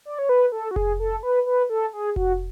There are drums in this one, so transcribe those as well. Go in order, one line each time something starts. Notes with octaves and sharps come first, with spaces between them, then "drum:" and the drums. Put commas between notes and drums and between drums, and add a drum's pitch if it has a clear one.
D5
C#5
B4
A4
F#4
G#4, drum: kick F1
A4
B4
B4
A4
G#4
F#4, drum: kick F1